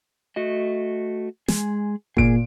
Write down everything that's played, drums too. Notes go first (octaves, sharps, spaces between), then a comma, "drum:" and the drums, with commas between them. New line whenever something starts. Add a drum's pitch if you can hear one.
A3 F#4 D#5
G#3 G#4, drum: snare
A#2 G#4 D7, drum: kick G1